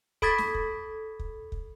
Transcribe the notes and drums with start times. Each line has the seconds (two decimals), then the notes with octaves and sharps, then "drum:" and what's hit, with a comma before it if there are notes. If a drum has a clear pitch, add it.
0.22 A4 B5 D#6 G#6 A6 B6, drum: kick
0.38 drum: snare
0.55 drum: kick
1.19 drum: kick
1.52 drum: kick